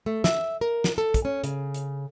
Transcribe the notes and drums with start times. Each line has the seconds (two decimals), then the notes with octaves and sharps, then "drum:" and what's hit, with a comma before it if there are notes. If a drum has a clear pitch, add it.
0.06 A3
0.24 E5, drum: snare
0.61 A#4
0.84 drum: snare
0.98 A4
1.14 drum: kick, hi-hat
1.25 C#4
1.44 C#3, drum: hi-hat
1.74 drum: hi-hat